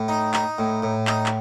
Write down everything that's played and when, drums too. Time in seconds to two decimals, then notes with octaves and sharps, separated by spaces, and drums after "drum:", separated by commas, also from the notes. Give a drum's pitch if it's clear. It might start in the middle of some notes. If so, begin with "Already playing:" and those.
Already playing: A2
0.08 D#4
0.34 D#4, drum: clap
0.58 A2
0.82 A2
1.07 D#4, drum: clap
1.26 drum: clap